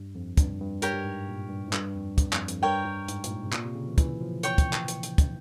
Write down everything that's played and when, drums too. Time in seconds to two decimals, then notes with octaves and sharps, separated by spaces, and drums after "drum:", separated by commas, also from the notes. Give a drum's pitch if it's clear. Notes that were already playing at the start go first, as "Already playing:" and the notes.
Already playing: G2
0.15 F2
0.37 G2, drum: kick, hi-hat
0.60 G2
0.82 G2 G4 A#4 C#5, drum: hi-hat
0.94 G2
1.04 G#2
1.28 A#2
1.49 G2
1.68 G#2
1.73 G2, drum: clap
1.95 F2
2.18 G2, drum: kick, hi-hat
2.33 F2, drum: clap
2.48 F2, drum: hi-hat
2.62 G2 A#4 C#5 G5
2.86 G2
3.08 G#2, drum: hi-hat
3.24 A#2, drum: hi-hat
3.30 G#2
3.46 C3
3.52 A#2, drum: clap
3.65 C3
3.75 C#3
3.87 E3
3.98 E3, drum: kick, hi-hat
4.21 F3
4.43 C#5 G5 C#6, drum: hi-hat
4.58 drum: kick, hi-hat
4.73 drum: clap
4.88 drum: hi-hat
5.03 drum: hi-hat
5.18 drum: kick, hi-hat